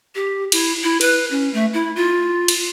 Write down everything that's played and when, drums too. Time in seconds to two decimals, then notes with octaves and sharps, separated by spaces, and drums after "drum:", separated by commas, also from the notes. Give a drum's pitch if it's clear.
0.15 G4
0.52 E4, drum: cymbal
0.83 E4
1.01 B4, drum: cymbal
1.30 C#4
1.53 A3
1.73 E4
1.96 F4
2.48 drum: cymbal